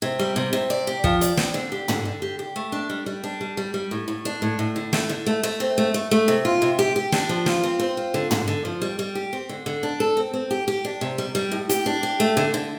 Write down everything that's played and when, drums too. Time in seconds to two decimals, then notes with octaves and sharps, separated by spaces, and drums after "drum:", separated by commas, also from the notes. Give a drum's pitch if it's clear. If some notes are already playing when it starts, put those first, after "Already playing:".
0.02 C3
0.19 G3
0.36 C3
0.53 C3
0.70 D5
0.87 G4
1.04 F3, drum: kick
1.21 D5, drum: hi-hat
1.37 C4, drum: snare
1.54 D3
1.72 G4
1.88 D3, drum: tom
2.05 D3
2.22 G4
2.39 G4
2.56 A3
2.72 D4
2.90 G3
3.06 G3
3.24 D4
3.41 G3
3.57 G3
3.74 G3
3.91 A2
4.08 A2
4.25 D4
4.42 A2
4.59 A2
4.76 D3
4.93 A3, drum: snare
5.09 D3
5.26 A3
5.43 A3
5.60 C4
5.78 A3
5.94 A3
6.11 A3
6.28 C3
6.45 F4
6.62 C3
6.79 G4
6.96 G4
7.12 D4, drum: snare
7.29 F3
7.46 F4, drum: snare
7.63 C4
7.80 C4
7.97 F4
8.14 D3
8.31 D3, drum: tom
8.48 D3
8.65 F3
8.82 G3
8.99 G3
9.15 G4
9.33 C4
9.49 D3
9.66 D3
9.83 D4
10.00 A4
10.17 C4
10.34 C4
10.51 G4
10.68 G4
10.85 D4
11.01 C3
11.18 G3
11.35 G3
11.52 A2
11.69 G4, drum: hi-hat
11.86 D4
12.03 G4
12.20 A3
12.37 D3
12.54 D3